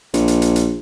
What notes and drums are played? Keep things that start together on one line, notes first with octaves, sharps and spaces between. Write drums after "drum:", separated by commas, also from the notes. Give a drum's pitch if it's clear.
A#1, drum: hi-hat
drum: hi-hat
drum: hi-hat
drum: hi-hat